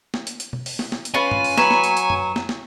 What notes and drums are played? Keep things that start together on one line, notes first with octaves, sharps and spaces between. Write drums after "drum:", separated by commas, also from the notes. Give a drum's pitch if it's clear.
drum: snare
drum: hi-hat
drum: hi-hat
drum: tom B2
drum: open hi-hat
drum: snare
drum: snare
drum: hi-hat
C#4 F4 B4 G#5
drum: tom G2
drum: open hi-hat
F#3 B4 C#5 A#5 C#6 E7, drum: snare
drum: snare
drum: hi-hat
drum: hi-hat
drum: tom F#2
drum: snare
drum: snare